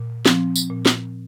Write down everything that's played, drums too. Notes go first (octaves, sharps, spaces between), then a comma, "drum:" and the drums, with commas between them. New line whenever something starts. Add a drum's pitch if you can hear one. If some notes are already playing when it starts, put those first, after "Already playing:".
Already playing: A#2
F3 C4, drum: snare
drum: tambourine
A#2
drum: snare